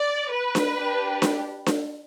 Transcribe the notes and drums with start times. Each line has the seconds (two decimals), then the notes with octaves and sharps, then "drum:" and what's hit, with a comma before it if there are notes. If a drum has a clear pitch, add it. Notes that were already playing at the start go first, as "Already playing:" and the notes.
Already playing: D5
0.33 B4
0.55 drum: snare D4
0.77 D4 G4
1.22 drum: snare D4
1.66 drum: snare D4